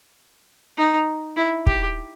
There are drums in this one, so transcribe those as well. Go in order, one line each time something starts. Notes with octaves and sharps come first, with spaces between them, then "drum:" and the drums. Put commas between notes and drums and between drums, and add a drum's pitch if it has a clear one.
D#4
E4
G4, drum: kick